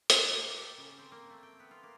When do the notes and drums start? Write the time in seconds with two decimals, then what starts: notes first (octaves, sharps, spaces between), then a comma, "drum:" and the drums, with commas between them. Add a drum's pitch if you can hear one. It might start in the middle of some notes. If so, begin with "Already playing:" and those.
0.10 drum: hi-hat
0.21 B4
0.32 A#3
0.47 G4
0.62 A4
0.78 C#3
0.98 C4
1.12 A#3
1.30 A3
1.43 G5
1.60 B3
1.71 F4
1.83 A#3